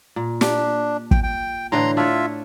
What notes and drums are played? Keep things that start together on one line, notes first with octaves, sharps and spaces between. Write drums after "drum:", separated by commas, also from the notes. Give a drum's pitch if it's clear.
A#2
D4 G4, drum: snare
G5, drum: kick
G5
A2 D3 E3 A#5 C6
D4 F4 C#5 E5